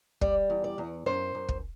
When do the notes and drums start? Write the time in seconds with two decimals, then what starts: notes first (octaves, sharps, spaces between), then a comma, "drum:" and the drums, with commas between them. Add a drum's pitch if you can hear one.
0.21 G3 D5, drum: kick
0.50 E2
0.64 D5
0.78 E2
1.06 F#2 C5
1.35 F#2
1.49 drum: kick